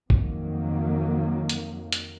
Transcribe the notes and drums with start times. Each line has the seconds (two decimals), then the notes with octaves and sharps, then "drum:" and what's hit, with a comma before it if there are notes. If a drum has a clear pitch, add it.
0.10 F2 D#3 F#3 A#3, drum: kick
1.49 drum: hi-hat
1.92 drum: hi-hat